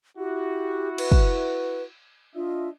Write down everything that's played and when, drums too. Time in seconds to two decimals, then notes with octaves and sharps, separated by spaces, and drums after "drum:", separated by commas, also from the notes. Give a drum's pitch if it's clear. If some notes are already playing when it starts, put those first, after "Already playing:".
0.18 E4 F#4 G4
0.98 B4, drum: cymbal
1.12 drum: kick
2.35 D4 F4 D#5 E5